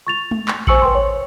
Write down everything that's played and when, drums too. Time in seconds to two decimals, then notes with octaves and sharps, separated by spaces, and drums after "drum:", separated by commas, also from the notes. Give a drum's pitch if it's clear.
0.07 C#6 A6 F7
0.31 drum: tom G#3
0.48 drum: clap
0.67 C5 G#5 C#6 E6 C#7 F#7, drum: kick A1
0.82 B4 G5 C6
0.95 C#5